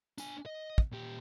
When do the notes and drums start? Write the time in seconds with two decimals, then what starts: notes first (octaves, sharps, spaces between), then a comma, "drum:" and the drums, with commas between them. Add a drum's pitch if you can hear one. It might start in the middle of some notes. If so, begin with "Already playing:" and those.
0.18 D4 G#5, drum: tambourine
0.46 D#5
0.78 drum: kick
0.92 A#2 G4